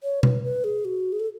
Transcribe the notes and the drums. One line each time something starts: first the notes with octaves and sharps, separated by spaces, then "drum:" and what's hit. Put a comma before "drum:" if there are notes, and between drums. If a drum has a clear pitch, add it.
C#5
B4, drum: tom B2
B4
G#4
F#4
G#4
A4